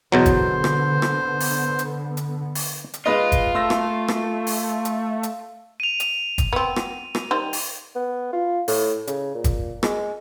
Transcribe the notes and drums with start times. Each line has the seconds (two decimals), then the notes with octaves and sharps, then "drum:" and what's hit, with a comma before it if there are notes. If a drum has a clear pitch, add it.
0.12 E2 B2 D3 F#3 B3 C5
0.26 drum: kick, hi-hat
0.64 drum: rim click
1.02 drum: rim click
1.40 drum: open hi-hat
1.79 drum: hi-hat
2.17 drum: hi-hat
2.55 drum: open hi-hat
2.94 drum: hi-hat
3.06 G#3 F4 B4 D#5
3.32 drum: kick, hi-hat
3.55 A3 C6 E6 A#6
3.70 drum: rim click
4.08 drum: rim click
4.47 drum: open hi-hat
4.85 drum: hi-hat
5.23 drum: hi-hat
5.80 D#7 F7
6.00 drum: hi-hat
6.38 drum: kick, hi-hat
6.53 B3 C4
6.76 drum: rim click
7.15 drum: rim click
7.31 D#3 G3 C5
7.53 drum: open hi-hat
7.95 B3
8.33 F4
8.68 A2, drum: open hi-hat
9.07 C#3, drum: hi-hat
9.35 A#2
9.44 drum: kick, hi-hat
9.83 G#3, drum: rim click